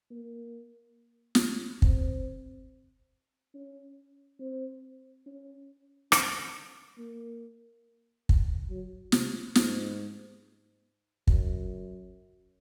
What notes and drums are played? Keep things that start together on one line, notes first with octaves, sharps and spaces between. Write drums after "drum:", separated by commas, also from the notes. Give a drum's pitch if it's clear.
A#3
drum: snare
C4, drum: kick
C#4
C4
C#4
C4, drum: rim click
A#3
drum: kick
F#3
C3, drum: snare
G#2, drum: snare
F#2, drum: kick